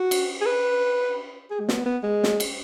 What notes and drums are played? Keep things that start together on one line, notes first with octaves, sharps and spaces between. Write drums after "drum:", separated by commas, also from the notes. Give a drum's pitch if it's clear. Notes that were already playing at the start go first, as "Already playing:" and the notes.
Already playing: F#4
drum: cymbal
G#4
B4
G#4
G#3
B3, drum: snare
B3
G#3
drum: snare
drum: cymbal